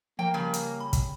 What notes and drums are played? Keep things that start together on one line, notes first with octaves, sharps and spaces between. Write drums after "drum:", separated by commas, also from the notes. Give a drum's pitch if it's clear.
F3 A#3 G5
C#3 G3
drum: hi-hat
B5
drum: kick, hi-hat